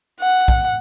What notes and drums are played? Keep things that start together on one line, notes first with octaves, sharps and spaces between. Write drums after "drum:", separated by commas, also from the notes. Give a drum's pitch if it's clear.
F#5
drum: kick